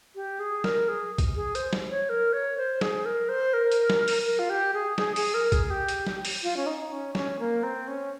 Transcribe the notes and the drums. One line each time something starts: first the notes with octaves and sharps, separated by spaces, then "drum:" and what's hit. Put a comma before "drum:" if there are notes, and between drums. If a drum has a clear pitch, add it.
G4
G#4
A#4, drum: snare
G#4
drum: kick, hi-hat
G#4
C5, drum: hi-hat
drum: snare
C#5
A#4
C#5
C5
G#4, drum: snare
A#4
C5
A#4
drum: hi-hat
drum: snare
drum: open hi-hat
A#4
F4
G4
G#4
G#4, drum: snare
G#4, drum: open hi-hat
A#4
G#4, drum: kick, hi-hat
G4
drum: hi-hat
drum: snare
drum: open hi-hat
F4
C#4
D#4
C#4
C#4, drum: snare
A#3
C4
C#4